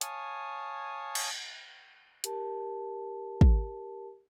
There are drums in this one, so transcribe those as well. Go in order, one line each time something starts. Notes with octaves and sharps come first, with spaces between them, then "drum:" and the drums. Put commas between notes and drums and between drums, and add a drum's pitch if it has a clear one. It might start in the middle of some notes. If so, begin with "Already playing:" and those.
C#5 F5 G#5 A5 C#6 D#6, drum: hi-hat
drum: cymbal
G4 A#4 A5, drum: hi-hat
drum: kick